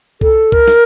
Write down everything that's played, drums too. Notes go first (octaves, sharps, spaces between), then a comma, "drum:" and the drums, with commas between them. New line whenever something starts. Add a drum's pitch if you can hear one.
A4, drum: kick C2
A#4, drum: kick C2
drum: snare